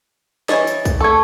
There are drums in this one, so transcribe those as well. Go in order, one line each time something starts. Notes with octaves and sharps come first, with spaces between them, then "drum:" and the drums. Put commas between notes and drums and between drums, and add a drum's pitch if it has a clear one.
E3 C#5 D#5 A6, drum: snare
drum: tambourine
drum: kick C2, tambourine
A3 A4 A5 C#6 G#6